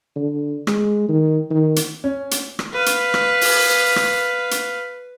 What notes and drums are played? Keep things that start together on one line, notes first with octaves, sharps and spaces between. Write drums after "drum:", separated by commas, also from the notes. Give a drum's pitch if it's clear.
D3
G#3, drum: rim click
D#3
D#3
drum: hi-hat
C#4
drum: hi-hat
drum: rim click
B4 F5
drum: hi-hat
drum: rim click
drum: open hi-hat
drum: rim click
drum: hi-hat